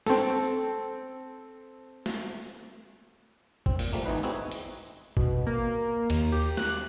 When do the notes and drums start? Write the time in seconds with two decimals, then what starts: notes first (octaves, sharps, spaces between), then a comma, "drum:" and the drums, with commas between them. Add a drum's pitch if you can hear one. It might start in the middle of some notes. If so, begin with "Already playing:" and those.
0.06 C4 A4, drum: snare
2.06 drum: snare
3.66 C4, drum: kick
3.79 A#2, drum: open hi-hat
3.93 F3 G3 A3 A#3
4.06 G#1 E3 D#4 B4
4.23 B3 C4 D#4 E4 F#4 G#4
4.51 drum: hi-hat
5.17 B2, drum: kick
5.47 A#3
6.10 D#2, drum: cymbal
6.32 G4
6.57 F#6, drum: snare